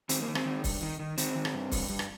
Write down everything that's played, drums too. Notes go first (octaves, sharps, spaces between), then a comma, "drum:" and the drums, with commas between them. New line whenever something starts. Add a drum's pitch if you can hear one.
D#3 C4, drum: hi-hat
A#3
D#3
C4, drum: rim click
D#3
G2, drum: kick, open hi-hat
D#3
D#3
D#3 C4, drum: hi-hat
D#3
drum: rim click
G2
G2, drum: kick, open hi-hat
G2
drum: rim click